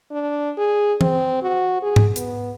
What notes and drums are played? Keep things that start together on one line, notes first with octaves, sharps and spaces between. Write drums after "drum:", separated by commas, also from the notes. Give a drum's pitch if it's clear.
D4
G#4
C4, drum: tom E3
F#4
G#4
drum: tom G#2
B3, drum: hi-hat